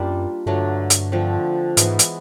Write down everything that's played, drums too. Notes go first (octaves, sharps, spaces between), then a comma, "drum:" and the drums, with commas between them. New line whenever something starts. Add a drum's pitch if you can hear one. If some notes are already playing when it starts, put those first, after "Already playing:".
Already playing: F#2 G3 A#3 D4 F4
G2 D3 F#3 A3 D4
drum: hi-hat
D3 F3 A3 C4
G#2 E3 G#3 B3 E4, drum: hi-hat
drum: hi-hat